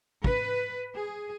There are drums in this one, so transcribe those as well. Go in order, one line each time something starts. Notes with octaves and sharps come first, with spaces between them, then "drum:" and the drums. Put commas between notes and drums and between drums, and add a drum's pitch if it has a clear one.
B4, drum: kick
G#4